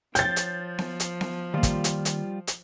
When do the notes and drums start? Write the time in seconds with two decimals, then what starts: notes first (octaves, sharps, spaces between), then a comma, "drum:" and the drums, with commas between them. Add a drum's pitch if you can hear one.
0.15 F3 C#5 G5 G6 A6, drum: hi-hat
0.36 drum: hi-hat
0.78 drum: snare B3
1.00 drum: hi-hat
1.21 drum: snare B3
1.54 D#3 G3 A#3 F4
1.63 drum: kick, hi-hat
1.84 drum: hi-hat
2.05 drum: hi-hat
2.47 drum: hi-hat